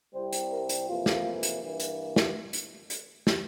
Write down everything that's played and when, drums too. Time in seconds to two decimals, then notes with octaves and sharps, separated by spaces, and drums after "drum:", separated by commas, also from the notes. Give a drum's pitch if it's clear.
0.14 C2 C3 G3 C4 C5
0.33 drum: hi-hat
0.51 A#4
0.69 drum: hi-hat
0.87 F2 C3 E3 A#3 F4
1.06 drum: snare
1.43 drum: hi-hat
1.61 G2 E3 A#3
1.80 drum: hi-hat
2.16 drum: snare
2.53 drum: hi-hat
2.90 drum: hi-hat
3.27 drum: snare